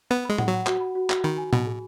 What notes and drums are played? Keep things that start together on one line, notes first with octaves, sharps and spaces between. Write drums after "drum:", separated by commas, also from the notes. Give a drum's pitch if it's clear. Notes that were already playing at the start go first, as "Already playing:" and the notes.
B3 B5
G#3 B5
F#5, drum: tom A2
F#3
F#5
F#4, drum: clap
B5
F#4
F#4, drum: clap
D#3 B5
G#5
B2 B5, drum: tom A2
G#4